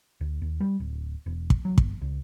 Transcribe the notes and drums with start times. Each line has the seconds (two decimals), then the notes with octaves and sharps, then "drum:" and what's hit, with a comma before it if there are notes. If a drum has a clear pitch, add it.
0.21 D2
0.42 D#2
0.60 G3
0.80 D1
1.26 E1
1.50 drum: kick
1.65 F#3
1.78 G1, drum: kick
2.01 C#2